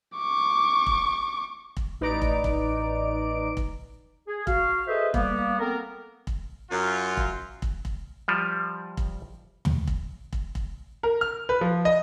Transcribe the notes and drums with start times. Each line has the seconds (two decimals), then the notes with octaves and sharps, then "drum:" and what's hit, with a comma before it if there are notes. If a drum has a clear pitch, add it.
0.16 C#6 D6
0.86 drum: kick
1.77 drum: kick
2.00 A1 D#4 B4 D5 A#5 D7
2.22 drum: kick
2.44 drum: kick
3.57 drum: kick
4.28 G#4
4.47 F#4 F5, drum: kick
4.87 G#4 A4 B4 C5 D#5 E5
5.14 G3 A#3 B3, drum: kick
5.59 B3 C4 A4 A#4
6.27 drum: kick
6.71 F#2 F4
7.17 drum: kick
7.62 drum: kick
7.85 drum: kick
8.28 F3 G3
8.97 drum: kick
9.65 drum: tom
9.87 drum: kick
10.33 drum: kick
10.55 drum: kick
11.03 A#4
11.21 F6
11.49 B4
11.61 F3
11.85 D#5